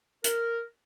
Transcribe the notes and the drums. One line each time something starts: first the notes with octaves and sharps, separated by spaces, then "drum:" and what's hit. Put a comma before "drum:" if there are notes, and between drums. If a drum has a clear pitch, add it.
A#4, drum: hi-hat